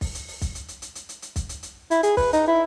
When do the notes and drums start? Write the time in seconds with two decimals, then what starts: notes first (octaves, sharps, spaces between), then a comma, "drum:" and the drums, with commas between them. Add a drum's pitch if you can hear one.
0.01 drum: kick, open hi-hat
0.15 drum: hi-hat
0.28 drum: open hi-hat
0.41 drum: kick, hi-hat
0.55 drum: hi-hat
0.68 drum: hi-hat
0.82 drum: hi-hat
0.95 drum: hi-hat
1.09 drum: hi-hat
1.22 drum: hi-hat
1.36 drum: kick, hi-hat
1.49 drum: hi-hat
1.63 drum: hi-hat
1.91 E4, drum: hi-hat
2.03 G#4, drum: hi-hat
2.17 B4, drum: kick, open hi-hat
2.33 D#4, drum: hi-hat
2.47 E4